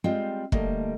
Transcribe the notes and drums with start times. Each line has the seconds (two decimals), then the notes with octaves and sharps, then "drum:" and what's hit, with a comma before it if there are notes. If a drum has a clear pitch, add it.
0.04 G3 G#3 C4 F4
0.52 D3 G3 A3 A#3 D#5, drum: kick